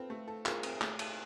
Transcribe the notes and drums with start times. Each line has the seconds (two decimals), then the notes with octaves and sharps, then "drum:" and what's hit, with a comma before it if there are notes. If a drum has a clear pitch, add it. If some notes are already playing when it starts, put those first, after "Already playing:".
Already playing: C4 F4 A4 B4
0.10 A3
0.28 A4
0.46 F4 G#4 A#4, drum: clap
0.63 C4, drum: cymbal
0.81 A3, drum: clap
0.99 A4, drum: cymbal